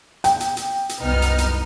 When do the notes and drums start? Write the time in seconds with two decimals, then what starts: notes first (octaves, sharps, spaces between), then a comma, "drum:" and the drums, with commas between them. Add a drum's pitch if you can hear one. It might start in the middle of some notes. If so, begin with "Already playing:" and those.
0.24 G5, drum: hi-hat
0.40 drum: hi-hat
0.57 drum: hi-hat
0.89 drum: hi-hat
1.01 C2 F#2 B3 D#4 F6
1.22 drum: hi-hat
1.38 drum: hi-hat